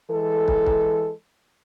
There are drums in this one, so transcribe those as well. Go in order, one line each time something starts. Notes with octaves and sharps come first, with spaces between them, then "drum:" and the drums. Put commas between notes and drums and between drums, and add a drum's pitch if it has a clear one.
E3 G#3 A4
drum: kick
drum: kick